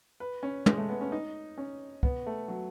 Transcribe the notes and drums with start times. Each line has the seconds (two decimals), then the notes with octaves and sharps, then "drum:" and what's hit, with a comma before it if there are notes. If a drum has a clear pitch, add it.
0.20 B4
0.43 C#4
0.66 G#3, drum: tom
0.78 A3
0.89 B3
1.01 C#4
1.12 D#4
1.58 C#4
2.03 B3, drum: kick
2.26 A3
2.48 F#3